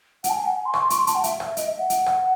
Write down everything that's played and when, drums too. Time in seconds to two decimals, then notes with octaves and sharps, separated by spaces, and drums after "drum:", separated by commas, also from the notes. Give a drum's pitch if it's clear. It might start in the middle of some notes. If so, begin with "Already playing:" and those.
0.24 F#5, drum: hi-hat
0.29 A5
0.35 G#5
0.46 F#5
0.57 G#5
0.65 C6
0.74 C#6, drum: rim click
0.82 C6
0.90 C#6, drum: hi-hat
0.98 C6
1.07 A5, drum: hi-hat
1.15 F#5
1.24 E5, drum: hi-hat
1.40 drum: rim click
1.57 D#5, drum: hi-hat
1.67 E5
1.79 F#5
1.90 drum: hi-hat
2.06 drum: rim click